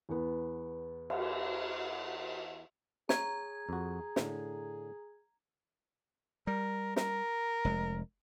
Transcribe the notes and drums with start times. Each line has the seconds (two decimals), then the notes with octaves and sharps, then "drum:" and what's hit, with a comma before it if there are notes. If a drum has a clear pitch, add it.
0.09 E2 B3
1.10 drum: cymbal
3.09 G#4 C#5 A#5 G#6, drum: snare
3.69 F2 F#4
4.16 A2 D3, drum: snare
6.47 G3 A#4
6.96 A#4, drum: snare
7.64 F1 G#3